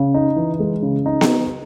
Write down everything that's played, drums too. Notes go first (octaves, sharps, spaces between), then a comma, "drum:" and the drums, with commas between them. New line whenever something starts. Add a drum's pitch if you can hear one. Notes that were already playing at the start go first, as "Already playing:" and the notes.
Already playing: C#3
D#4
E3
G#3
C#3
D#4
drum: snare B3